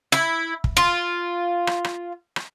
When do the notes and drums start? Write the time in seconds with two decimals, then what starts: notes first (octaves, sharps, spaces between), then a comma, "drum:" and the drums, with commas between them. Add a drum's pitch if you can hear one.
0.12 E4, drum: rim click
0.64 drum: kick
0.77 F4
1.67 drum: rim click
1.84 drum: rim click
2.36 drum: rim click